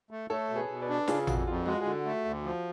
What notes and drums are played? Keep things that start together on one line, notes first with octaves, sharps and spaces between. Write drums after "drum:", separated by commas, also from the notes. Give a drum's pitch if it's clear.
A3
A3 A4 C#5
B2
G#4 B4
B2
B4 D5
D4
C#3 F4 G#4, drum: snare
F2 F#4, drum: tom A1
F2 F4
G#3 F#4
G#4
D3 F#4
A3
D2
F3